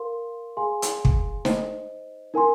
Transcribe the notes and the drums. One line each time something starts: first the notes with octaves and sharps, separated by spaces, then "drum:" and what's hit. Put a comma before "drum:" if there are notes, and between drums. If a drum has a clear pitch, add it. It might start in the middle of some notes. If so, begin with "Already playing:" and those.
Already playing: A#4 F5 C6
G#4 F5 G#5 C6
drum: hi-hat
drum: kick
D#4 C5 D#5, drum: snare
D#4 A#4 G#5 C6